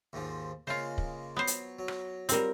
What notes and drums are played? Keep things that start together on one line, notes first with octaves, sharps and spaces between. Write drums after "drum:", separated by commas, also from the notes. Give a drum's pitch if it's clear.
D#2 G#2 F3
C#3 G#3 A#3 F4 C5
drum: kick
F#3 B3 C5
drum: hi-hat
F#3
drum: rim click
G3 C4 F4 A#4, drum: hi-hat